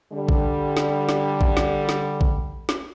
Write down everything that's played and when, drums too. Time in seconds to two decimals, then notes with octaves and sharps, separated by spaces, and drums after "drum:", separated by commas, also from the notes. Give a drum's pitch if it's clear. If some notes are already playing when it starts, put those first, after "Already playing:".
0.13 D3 G3
0.29 drum: kick A#1
0.77 drum: snare
1.09 drum: snare
1.41 drum: kick A#1
1.57 drum: snare
1.89 drum: snare
2.21 drum: kick A#1
2.69 drum: snare